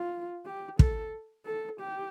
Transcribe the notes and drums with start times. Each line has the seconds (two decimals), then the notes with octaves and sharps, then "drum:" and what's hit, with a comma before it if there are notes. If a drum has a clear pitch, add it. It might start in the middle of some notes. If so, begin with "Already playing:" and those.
Already playing: F4
0.46 G4
0.79 A4, drum: kick
1.46 A4
1.80 G4